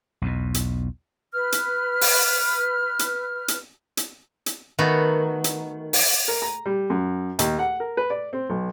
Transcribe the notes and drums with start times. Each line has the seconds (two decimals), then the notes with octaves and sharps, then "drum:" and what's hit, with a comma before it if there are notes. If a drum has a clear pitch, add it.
0.22 B1 E2 B2
0.54 drum: hi-hat
1.33 B4 F6
1.52 drum: hi-hat
2.01 drum: open hi-hat
2.99 drum: hi-hat
3.48 drum: hi-hat
3.97 drum: hi-hat
4.46 drum: hi-hat
4.79 D#3 A3 B3 F#4
5.44 drum: hi-hat
5.93 drum: open hi-hat
6.28 A#4
6.42 A#5
6.66 G3
6.90 F#2
7.39 D#2, drum: hi-hat
7.59 F#5
7.80 A#4
7.97 B4
8.10 D5
8.33 C4
8.50 B1